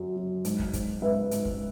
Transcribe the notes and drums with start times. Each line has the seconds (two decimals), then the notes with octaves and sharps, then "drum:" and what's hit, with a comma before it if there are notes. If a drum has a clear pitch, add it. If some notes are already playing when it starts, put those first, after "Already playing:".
Already playing: F#2 F#3
0.16 F#3
0.45 G#2, drum: hi-hat
0.59 drum: kick
0.73 G#2, drum: kick, hi-hat
1.02 G#2 B4 E5
1.31 G#2, drum: hi-hat
1.45 drum: kick